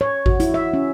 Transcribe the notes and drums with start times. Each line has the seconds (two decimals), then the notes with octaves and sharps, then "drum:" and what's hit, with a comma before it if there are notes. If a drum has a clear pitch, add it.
0.01 C#5
0.26 F#4, drum: kick G#1
0.40 E4, drum: hi-hat
0.54 E5
0.74 C#4